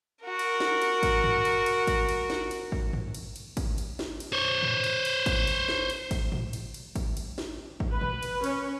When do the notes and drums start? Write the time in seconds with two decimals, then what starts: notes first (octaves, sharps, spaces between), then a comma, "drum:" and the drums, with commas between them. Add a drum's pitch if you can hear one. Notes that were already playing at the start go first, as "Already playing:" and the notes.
0.24 F#4 A#4
0.39 drum: cymbal
0.60 drum: snare
0.82 drum: cymbal
1.03 drum: kick, cymbal
1.24 drum: tom G2
1.45 drum: cymbal
1.66 drum: cymbal
1.87 drum: kick, cymbal
2.09 drum: cymbal
2.30 drum: snare
2.51 drum: cymbal
2.72 drum: kick
2.93 drum: tom G2
3.14 drum: cymbal
3.36 drum: cymbal
3.57 drum: kick, cymbal
3.78 drum: cymbal
3.99 drum: snare
4.20 drum: cymbal
4.33 C5 C#5
4.63 drum: tom A2
4.84 drum: cymbal
5.05 drum: cymbal
5.26 drum: kick, cymbal
5.47 drum: cymbal
5.69 drum: snare
5.90 drum: cymbal
6.11 drum: kick, cymbal
6.32 drum: tom A2
6.53 drum: cymbal
6.74 drum: cymbal
6.96 drum: kick, cymbal
7.17 drum: cymbal
7.38 drum: snare
7.80 drum: kick
7.92 B4
8.01 drum: tom A#2
8.23 drum: cymbal
8.44 C#4, drum: cymbal